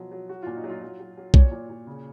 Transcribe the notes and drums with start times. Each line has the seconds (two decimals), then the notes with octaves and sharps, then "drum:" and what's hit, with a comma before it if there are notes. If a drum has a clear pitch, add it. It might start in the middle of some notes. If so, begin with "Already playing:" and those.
Already playing: B2 F3 F#3
0.12 F#3
0.29 F#3 F#4
0.43 A#2 F4
0.57 D#4
0.64 F#3
0.70 F4
0.82 F#3
1.00 F#3
1.18 F#3
1.34 A#2 C#5, drum: kick B1
1.51 A#2
1.69 A#2
1.87 C#3